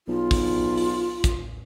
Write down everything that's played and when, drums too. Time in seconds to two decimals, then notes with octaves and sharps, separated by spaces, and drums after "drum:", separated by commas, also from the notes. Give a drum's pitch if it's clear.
0.08 B1 F4
0.31 drum: kick, open hi-hat
0.77 drum: open hi-hat
1.24 drum: kick, hi-hat